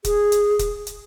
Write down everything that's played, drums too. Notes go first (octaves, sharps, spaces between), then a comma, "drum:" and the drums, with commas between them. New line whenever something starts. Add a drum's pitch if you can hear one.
G#4, drum: kick, hi-hat
drum: hi-hat
drum: kick, hi-hat
drum: hi-hat